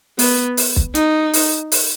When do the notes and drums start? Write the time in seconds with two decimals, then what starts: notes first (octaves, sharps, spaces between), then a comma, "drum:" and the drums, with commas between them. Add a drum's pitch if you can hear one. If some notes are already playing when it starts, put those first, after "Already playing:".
0.19 B3, drum: open hi-hat
0.57 drum: open hi-hat
0.76 drum: kick
0.95 D#4, drum: hi-hat
1.33 drum: open hi-hat
1.72 drum: open hi-hat